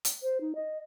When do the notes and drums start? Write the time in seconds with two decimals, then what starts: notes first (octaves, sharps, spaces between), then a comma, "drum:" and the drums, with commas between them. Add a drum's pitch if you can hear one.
0.05 drum: hi-hat
0.23 C5
0.41 D#4
0.55 D#5